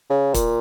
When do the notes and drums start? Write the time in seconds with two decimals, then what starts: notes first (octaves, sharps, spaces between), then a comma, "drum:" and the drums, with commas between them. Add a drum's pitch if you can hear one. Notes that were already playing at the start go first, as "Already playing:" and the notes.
0.10 C#3
0.34 A#2, drum: kick, hi-hat